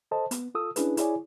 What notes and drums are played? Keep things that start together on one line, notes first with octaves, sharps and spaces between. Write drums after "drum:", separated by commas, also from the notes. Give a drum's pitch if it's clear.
A4 C5 D#5 A5
B3, drum: hi-hat
F4 A4 D#6 E6
C#4 D4 E4 G#4 B4, drum: hi-hat
E4 G#4 C#5 D5 G#5, drum: hi-hat